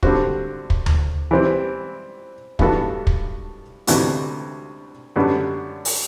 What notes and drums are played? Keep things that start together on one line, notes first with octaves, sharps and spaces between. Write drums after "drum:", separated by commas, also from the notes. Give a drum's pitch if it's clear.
D3 G3 C4 F#4, drum: kick
drum: kick
drum: tom D2
E3 G3 C4
G2 E3 B3 F#4 A4, drum: kick
drum: kick
D2 C3 E3 B3 F#4, drum: hi-hat
F#2 D3 G3 B3
drum: open hi-hat